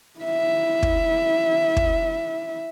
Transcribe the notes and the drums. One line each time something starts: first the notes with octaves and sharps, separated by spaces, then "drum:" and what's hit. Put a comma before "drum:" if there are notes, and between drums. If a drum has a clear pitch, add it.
E4 E5
drum: kick
drum: kick